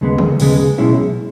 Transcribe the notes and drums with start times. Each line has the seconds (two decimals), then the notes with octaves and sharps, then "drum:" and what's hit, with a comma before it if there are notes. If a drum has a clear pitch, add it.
0.01 D#2 C#3 G#3 B3
0.18 drum: tom C#3
0.40 D#2 C#3 G#3 B3, drum: open hi-hat
0.78 B1 B2 G#3 C#4 E4